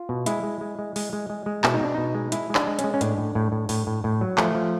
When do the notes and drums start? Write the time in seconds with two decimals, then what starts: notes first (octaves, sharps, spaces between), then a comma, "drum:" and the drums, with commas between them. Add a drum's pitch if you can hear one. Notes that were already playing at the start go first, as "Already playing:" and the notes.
Already playing: F4
0.09 B2
0.26 G#3 E4, drum: hi-hat
0.43 G#3
0.61 G#3
0.79 G#3
0.96 G#3, drum: open hi-hat
1.13 G#3
1.30 G#3
1.46 G#3
1.64 B2 E4, drum: clap
1.74 D#4
1.81 B2 D4
1.94 B2 D#4
2.15 G#3
2.32 G#3 E4, drum: hi-hat
2.50 G#3
2.55 D4, drum: clap
2.67 G#3
2.79 C#4, drum: hi-hat
2.84 G#3
2.94 C#4
3.01 A2 D4, drum: hi-hat
3.18 A2
3.35 A2
3.52 A2
3.69 A2, drum: open hi-hat
3.87 A2
4.04 A2
4.21 F#3
4.38 F3 A3, drum: clap
4.55 F3